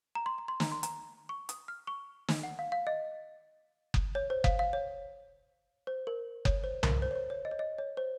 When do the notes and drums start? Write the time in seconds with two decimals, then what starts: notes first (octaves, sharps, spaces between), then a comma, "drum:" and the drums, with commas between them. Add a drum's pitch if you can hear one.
0.15 A#5
0.26 C6
0.38 A#5
0.48 C6
0.60 A#5, drum: snare
0.72 C6
0.83 A#5, drum: hi-hat
1.29 C#6
1.49 D#6, drum: hi-hat
1.68 F6
1.87 C#6
2.28 drum: snare
2.43 F#5
2.59 F5
2.72 F5
2.87 D#5
3.94 drum: kick F#1
4.15 C#5
4.30 C5
4.44 F5, drum: kick F#1
4.59 F5
4.73 C#5
5.87 C5
6.07 A#4
6.45 C#5, drum: kick F#1
6.64 C5
6.83 A#4, drum: tom C2
7.02 C5
7.11 C#5
7.15 C5
7.30 C#5
7.45 D#5
7.51 C#5
7.59 D#5
7.78 C#5
7.97 C5